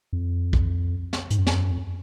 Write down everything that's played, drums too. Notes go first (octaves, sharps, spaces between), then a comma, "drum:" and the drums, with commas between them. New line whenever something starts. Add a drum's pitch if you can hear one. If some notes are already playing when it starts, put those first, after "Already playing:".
F2
drum: kick B1
drum: snare
G#2, drum: hi-hat
F#2
F2, drum: snare
F#2
F2